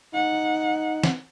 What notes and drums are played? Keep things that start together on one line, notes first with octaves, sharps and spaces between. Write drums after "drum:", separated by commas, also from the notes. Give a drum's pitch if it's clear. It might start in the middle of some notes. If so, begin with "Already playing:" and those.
D#4 F#5
drum: snare